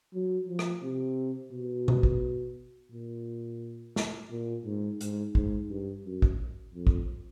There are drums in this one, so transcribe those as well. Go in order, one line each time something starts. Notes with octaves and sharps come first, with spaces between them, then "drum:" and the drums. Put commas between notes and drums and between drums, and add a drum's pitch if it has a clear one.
F#3
F3
drum: rim click
C3
B2
drum: tom B2
drum: kick
A#2
drum: snare
A#2
G#2
G#2, drum: hi-hat
G#2, drum: kick
G2
F#2
drum: kick
F2
drum: kick